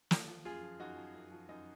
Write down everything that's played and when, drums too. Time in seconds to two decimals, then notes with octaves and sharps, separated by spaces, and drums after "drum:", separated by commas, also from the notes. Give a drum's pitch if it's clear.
0.11 F3, drum: snare
0.28 F3
0.45 F#2 F4 G#4
0.63 F3
0.80 F#2 D#4 F#4
0.97 F3
1.14 F#2
1.31 F3
1.49 F#2 D#4